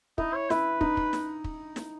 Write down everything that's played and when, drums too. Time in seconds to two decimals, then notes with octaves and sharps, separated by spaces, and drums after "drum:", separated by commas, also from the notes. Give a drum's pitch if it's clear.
0.18 D#4 E4, drum: kick
0.34 C#5
0.50 E4 B4, drum: snare
0.81 D#4, drum: kick
0.97 drum: kick
1.13 drum: snare
1.44 drum: kick
1.76 drum: snare